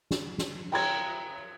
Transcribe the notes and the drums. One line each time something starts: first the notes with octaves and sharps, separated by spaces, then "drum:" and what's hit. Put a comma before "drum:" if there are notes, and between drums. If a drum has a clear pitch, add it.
drum: snare
drum: snare
G5 A#5 G#6, drum: cymbal